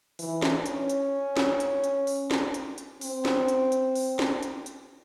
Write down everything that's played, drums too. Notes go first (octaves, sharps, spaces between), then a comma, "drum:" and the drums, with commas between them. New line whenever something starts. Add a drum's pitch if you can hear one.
E3, drum: open hi-hat
drum: snare
C#4, drum: hi-hat
drum: hi-hat
drum: snare
drum: hi-hat
drum: hi-hat
drum: open hi-hat
drum: snare
drum: hi-hat
drum: hi-hat
C4, drum: open hi-hat
drum: snare
drum: hi-hat
drum: hi-hat
drum: open hi-hat
drum: snare
drum: hi-hat
drum: hi-hat